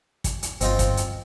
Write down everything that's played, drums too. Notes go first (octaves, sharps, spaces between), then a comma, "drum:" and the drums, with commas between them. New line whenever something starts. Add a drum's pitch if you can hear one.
drum: kick, hi-hat
drum: hi-hat
G1 C4 D#4 F4, drum: hi-hat
drum: kick, hi-hat
drum: hi-hat